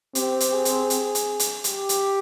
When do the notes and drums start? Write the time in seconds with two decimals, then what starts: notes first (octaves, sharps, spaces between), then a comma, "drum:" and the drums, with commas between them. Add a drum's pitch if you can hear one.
0.15 C4 G4, drum: hi-hat
0.40 drum: hi-hat
0.53 G#4
0.65 drum: hi-hat
0.90 drum: hi-hat
1.15 drum: hi-hat
1.39 drum: hi-hat
1.64 G4, drum: hi-hat
1.89 drum: hi-hat